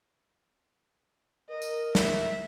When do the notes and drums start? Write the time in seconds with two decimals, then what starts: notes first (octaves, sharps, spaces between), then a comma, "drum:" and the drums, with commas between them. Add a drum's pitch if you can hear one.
1.50 A#4 D#5
1.62 drum: tambourine
1.95 E5, drum: snare